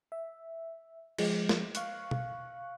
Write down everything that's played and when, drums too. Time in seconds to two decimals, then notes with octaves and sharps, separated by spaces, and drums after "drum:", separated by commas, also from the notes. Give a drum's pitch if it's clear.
0.12 E5
1.18 F3 G#3, drum: cymbal
1.49 drum: snare
1.75 F5 C#6 F#6, drum: hi-hat
2.11 drum: tom B2